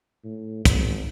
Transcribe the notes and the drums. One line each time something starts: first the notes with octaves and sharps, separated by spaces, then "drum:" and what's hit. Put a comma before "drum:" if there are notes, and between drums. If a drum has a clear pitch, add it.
A2
G#1, drum: kick, hi-hat